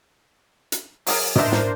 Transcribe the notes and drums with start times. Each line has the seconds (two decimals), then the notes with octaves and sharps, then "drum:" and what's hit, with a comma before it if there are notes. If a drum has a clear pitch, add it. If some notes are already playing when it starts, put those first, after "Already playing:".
0.72 drum: hi-hat
1.07 F#3 G#4 A#4, drum: open hi-hat
1.36 D4 A#4 C5 D#5 E5, drum: tom
1.52 drum: snare